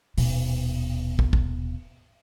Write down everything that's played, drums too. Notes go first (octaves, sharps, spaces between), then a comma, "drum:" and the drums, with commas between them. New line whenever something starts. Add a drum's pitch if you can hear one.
D#1 B2, drum: open hi-hat
drum: kick
drum: kick